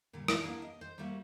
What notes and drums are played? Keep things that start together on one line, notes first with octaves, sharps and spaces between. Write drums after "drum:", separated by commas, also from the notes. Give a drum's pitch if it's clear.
A#2 D3 G3 G#3
E3 D#4, drum: rim click
A#3 B3 D4 E4 G#4 A#4
D#5
C5
G3 A3 A#3 F#4